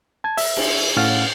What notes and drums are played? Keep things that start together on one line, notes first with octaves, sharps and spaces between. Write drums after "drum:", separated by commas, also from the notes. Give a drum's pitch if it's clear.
A5 G#6
E5, drum: open hi-hat
drum: cymbal
A2 C#4 F5 F#5 F6 A6